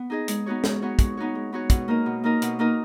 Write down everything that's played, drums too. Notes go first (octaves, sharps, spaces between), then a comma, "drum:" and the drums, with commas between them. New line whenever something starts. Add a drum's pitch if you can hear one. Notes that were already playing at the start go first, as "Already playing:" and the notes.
Already playing: B3
D#4 G#4 D#5
G#3, drum: hi-hat
B3 D#4 F#4 C#5
G#3, drum: snare
B3 D#4 F#4 C#5
G#3, drum: kick, hi-hat
B3 D#4 F#4 C#5
G#3
B3 D#4 F#4 C#5
B2, drum: kick, hi-hat
A#3 D#4 A#4 D#5
B2
A#3 D#4 A#4 D#5
B2, drum: hi-hat
A#3 D#4 A#4 D#5